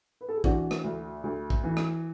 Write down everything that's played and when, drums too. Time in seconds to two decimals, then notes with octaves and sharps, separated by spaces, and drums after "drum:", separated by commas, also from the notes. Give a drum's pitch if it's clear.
0.21 B4
0.29 A4
0.36 G#4
0.44 E3 D4 F#4, drum: kick
0.71 drum: rim click
0.84 D2
1.24 D2
1.50 drum: kick
1.64 E3
1.77 drum: rim click